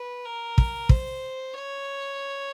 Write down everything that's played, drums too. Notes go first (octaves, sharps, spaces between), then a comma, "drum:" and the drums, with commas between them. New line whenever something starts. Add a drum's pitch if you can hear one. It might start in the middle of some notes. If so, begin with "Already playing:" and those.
Already playing: B4
A#4
drum: kick
C5, drum: kick
C#5